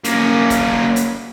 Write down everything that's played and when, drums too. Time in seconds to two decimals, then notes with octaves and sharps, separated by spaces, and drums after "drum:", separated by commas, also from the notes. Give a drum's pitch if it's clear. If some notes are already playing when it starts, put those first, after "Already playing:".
0.04 A#3 C#4, drum: hi-hat
0.50 drum: kick, hi-hat
0.96 drum: hi-hat